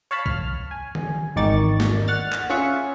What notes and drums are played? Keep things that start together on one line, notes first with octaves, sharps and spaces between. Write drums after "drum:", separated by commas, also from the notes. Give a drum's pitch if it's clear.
C#5 F5 A5 B5
F6, drum: kick
G#5
drum: tom D3
G#1 E2 D#3 D5 C#6 A6
drum: snare A#3
F#5 F6 A6
drum: clap
C#4 F4 G#4 E5 F#5 C#6